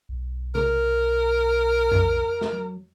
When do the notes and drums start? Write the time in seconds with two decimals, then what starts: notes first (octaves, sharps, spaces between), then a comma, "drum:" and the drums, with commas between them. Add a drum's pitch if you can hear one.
0.09 B1
0.55 A#4, drum: tom C3
1.92 drum: tom F2
2.41 drum: snare
2.53 F#3